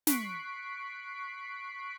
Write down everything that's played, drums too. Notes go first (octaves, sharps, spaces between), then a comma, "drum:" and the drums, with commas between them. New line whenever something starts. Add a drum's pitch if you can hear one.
C#6 F#6 B6 C7 D7, drum: snare